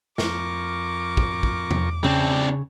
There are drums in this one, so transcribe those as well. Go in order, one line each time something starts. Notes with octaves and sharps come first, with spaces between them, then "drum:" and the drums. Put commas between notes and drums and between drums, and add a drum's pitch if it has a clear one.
F2 A#4 C#6 D6, drum: snare
drum: kick
drum: kick
drum: tom E2
C#3 C4 D4